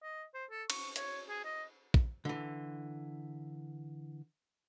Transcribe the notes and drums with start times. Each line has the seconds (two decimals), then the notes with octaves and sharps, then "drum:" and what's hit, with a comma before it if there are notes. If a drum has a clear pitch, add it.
0.03 D#5
0.34 C5
0.50 A4
0.70 C#6, drum: cymbal
0.96 C#5, drum: hi-hat
1.29 G#4
1.45 D#5
1.94 drum: kick
2.25 D3 E3